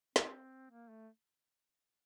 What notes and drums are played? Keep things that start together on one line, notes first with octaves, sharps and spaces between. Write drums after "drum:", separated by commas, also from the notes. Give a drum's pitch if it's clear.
C4, drum: snare
A#3
A3